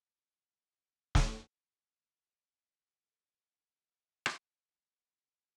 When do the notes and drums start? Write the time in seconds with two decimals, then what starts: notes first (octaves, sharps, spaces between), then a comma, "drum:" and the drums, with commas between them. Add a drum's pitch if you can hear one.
0.19 F4 D#6
1.15 drum: snare
3.10 F#4 A4 C5 F6
4.26 drum: rim click
4.55 A#5
4.90 C5
5.26 A#4